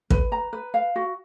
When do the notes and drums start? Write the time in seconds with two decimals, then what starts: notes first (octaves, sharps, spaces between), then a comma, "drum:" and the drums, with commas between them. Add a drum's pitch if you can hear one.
0.10 B4, drum: kick
0.32 A#5
0.53 B4
0.74 F5
0.96 F#4